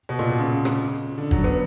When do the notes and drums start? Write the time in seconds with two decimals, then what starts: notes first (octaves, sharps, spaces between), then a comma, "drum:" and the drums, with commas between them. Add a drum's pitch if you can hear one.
0.09 B2
0.19 A#2
0.29 B2
0.38 C#3
0.65 drum: rim click
1.18 D3
1.31 F#3, drum: kick
1.44 B3